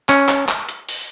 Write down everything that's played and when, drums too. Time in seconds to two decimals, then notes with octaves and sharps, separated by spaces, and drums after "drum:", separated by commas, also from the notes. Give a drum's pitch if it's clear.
0.09 C#4, drum: clap
0.28 drum: clap
0.48 drum: clap
0.69 drum: hi-hat
0.89 drum: open hi-hat